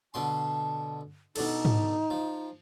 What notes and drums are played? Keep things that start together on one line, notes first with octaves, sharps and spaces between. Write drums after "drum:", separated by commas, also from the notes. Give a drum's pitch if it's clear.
B2 D3 A5 C6
B2 D4 D#4 A4, drum: cymbal
drum: tom G#2
F3